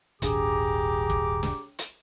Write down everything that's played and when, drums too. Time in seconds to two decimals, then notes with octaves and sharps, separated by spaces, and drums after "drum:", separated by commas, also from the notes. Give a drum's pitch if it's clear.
0.22 D#1 G#1 D4 G4 G#4 A#5 D6, drum: hi-hat
1.10 drum: kick
1.43 drum: snare
1.79 drum: hi-hat